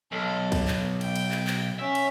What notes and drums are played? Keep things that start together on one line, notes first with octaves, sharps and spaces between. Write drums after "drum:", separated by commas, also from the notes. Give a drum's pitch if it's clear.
B1 A4
drum: kick, cymbal
drum: clap
G5, drum: cymbal
drum: cymbal
drum: clap
drum: clap
C#4 E5
drum: cymbal